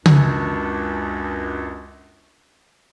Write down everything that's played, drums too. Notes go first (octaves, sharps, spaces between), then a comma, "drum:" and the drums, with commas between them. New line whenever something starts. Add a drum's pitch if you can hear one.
C#2 F#2 D4 F#4, drum: tom C#3